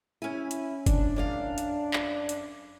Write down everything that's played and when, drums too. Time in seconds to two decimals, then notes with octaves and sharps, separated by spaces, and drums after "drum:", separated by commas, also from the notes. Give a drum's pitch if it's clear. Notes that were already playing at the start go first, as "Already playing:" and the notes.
0.22 C#4 E4 G#5
0.51 drum: hi-hat
0.86 D4, drum: kick F#1, hi-hat
1.16 F#2 D5 F5
1.58 drum: hi-hat
1.93 drum: clap
2.29 drum: hi-hat